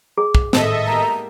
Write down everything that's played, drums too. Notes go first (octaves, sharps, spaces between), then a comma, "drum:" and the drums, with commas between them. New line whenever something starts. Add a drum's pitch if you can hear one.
G#4
drum: kick
G#1 A2 A4 D#5 E5, drum: snare
A#3 B3 G4 A#5